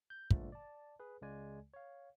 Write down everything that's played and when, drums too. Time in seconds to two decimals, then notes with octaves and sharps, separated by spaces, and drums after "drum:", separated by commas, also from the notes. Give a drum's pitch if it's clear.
0.10 G6
0.31 G2 A#2 D3 F3 G#3 A3, drum: kick
0.52 D5 A5
0.99 G#4 B4
1.21 C#2 C#3 G#3 D5 G#5
1.74 C#5 F5